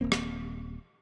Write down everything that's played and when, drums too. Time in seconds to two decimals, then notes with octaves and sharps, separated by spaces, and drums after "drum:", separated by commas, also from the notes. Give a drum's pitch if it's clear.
0.01 D#1 A#3 C4
0.12 drum: rim click